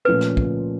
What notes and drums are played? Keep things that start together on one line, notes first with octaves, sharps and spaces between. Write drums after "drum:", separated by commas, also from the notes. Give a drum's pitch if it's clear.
A#2 F3 A3 C#4 B4
drum: rim click
drum: kick